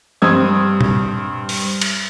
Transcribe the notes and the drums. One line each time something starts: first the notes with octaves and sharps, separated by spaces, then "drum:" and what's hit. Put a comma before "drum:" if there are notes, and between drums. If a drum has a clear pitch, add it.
G2 C4 D#6 E6 G#6
drum: tom A#2
drum: open hi-hat
drum: cymbal